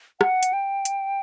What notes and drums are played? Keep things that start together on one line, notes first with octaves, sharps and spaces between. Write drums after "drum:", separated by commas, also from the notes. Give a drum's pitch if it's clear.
F#5, drum: rim click
drum: hi-hat
G5
drum: hi-hat